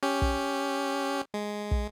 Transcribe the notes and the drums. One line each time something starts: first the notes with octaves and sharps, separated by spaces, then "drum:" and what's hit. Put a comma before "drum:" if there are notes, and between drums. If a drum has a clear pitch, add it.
C#4 G4
drum: kick
G#3
drum: kick